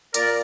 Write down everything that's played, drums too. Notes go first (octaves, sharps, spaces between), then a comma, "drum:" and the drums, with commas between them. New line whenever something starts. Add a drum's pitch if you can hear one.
A#2 A#4 D5, drum: hi-hat